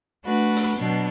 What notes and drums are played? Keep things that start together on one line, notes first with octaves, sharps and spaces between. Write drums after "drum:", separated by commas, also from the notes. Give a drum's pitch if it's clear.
A3 D4 F#4 B4
drum: open hi-hat
B2 F#3 B3 D4